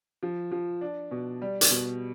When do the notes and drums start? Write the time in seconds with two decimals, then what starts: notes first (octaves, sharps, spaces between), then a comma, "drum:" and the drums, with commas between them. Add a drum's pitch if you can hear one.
0.23 F3
0.52 F3
0.81 D4
1.11 B2
1.42 G3
1.61 drum: hi-hat
1.70 B2